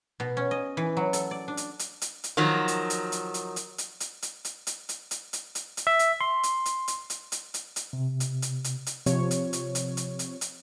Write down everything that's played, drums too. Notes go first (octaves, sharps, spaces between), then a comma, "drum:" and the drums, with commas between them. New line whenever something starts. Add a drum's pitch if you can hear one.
B2
C#4
D#5
E3
F#3
A4, drum: hi-hat
D5
D4
drum: hi-hat
drum: hi-hat
drum: hi-hat
drum: hi-hat
D#3 F3 F#3
drum: hi-hat
drum: hi-hat
drum: hi-hat
drum: hi-hat
drum: hi-hat
drum: hi-hat
drum: hi-hat
drum: hi-hat
drum: hi-hat
drum: hi-hat
drum: hi-hat
drum: hi-hat
drum: hi-hat
drum: hi-hat
drum: hi-hat
E5
drum: hi-hat
C6
drum: hi-hat
drum: hi-hat
drum: hi-hat
drum: hi-hat
drum: hi-hat
drum: hi-hat
drum: hi-hat
C3
drum: hi-hat
drum: hi-hat
drum: hi-hat
drum: hi-hat
C3 F3 C#5, drum: hi-hat
drum: hi-hat
drum: hi-hat
drum: hi-hat
drum: hi-hat
drum: hi-hat
drum: hi-hat